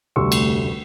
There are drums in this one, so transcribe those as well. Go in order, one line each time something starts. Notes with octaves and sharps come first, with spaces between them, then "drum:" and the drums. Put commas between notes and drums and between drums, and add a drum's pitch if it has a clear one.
F1 D2 G3 C6 C#6 E6
drum: cymbal